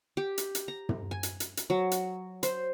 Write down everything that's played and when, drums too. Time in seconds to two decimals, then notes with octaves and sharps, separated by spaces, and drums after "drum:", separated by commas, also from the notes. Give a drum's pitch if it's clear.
0.17 G4
0.38 drum: hi-hat
0.55 drum: hi-hat
0.68 A#5
0.89 drum: tom
1.11 G#5
1.23 drum: hi-hat
1.40 drum: hi-hat
1.57 drum: hi-hat
1.70 F#3
1.91 drum: hi-hat
2.43 C5, drum: hi-hat